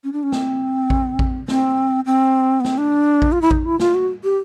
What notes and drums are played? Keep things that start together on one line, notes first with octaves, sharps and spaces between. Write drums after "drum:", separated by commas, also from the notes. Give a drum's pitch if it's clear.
C#4
D4
C#4
C4, drum: snare
drum: kick A1
drum: kick A1
C4, drum: snare
C4
B3
C4, drum: snare
D4
drum: kick A1
F4
E4
D#4, drum: kick A1
E4
F4, drum: snare
F#4
G4